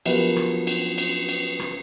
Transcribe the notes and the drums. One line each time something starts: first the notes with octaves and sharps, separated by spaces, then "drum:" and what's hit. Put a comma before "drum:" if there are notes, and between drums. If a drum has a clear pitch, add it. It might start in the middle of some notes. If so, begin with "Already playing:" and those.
F3 F#3 B3 G4 A#4 B4, drum: cymbal
drum: rim click
drum: cymbal
drum: cymbal
drum: cymbal
drum: rim click